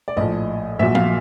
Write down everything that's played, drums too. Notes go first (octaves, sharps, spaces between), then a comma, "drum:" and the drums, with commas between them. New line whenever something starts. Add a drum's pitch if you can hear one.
D5
A#1 A2 F3 D#5
A#1 A#2 F#3 E5
F5, drum: tom F3